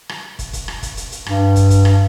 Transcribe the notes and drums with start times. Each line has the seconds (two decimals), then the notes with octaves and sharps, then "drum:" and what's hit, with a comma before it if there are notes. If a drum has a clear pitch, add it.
0.09 drum: rim click
0.39 drum: kick, hi-hat
0.53 drum: kick, hi-hat
0.68 drum: rim click
0.83 drum: kick, hi-hat
0.97 drum: hi-hat
1.12 drum: hi-hat
1.26 G2, drum: rim click
1.56 drum: kick, hi-hat
1.70 drum: kick, hi-hat
1.85 drum: rim click